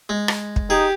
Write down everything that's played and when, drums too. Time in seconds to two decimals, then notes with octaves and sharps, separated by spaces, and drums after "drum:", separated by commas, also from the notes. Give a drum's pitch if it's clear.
0.09 G#3
0.28 drum: rim click
0.56 drum: kick
0.70 D#4 G4 G#4